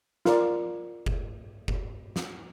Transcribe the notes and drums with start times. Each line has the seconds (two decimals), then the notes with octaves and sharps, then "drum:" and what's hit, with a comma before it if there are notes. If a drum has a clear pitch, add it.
0.26 F4 A#4 D5, drum: snare
1.06 drum: kick F#1
1.68 drum: kick F#1
2.16 drum: snare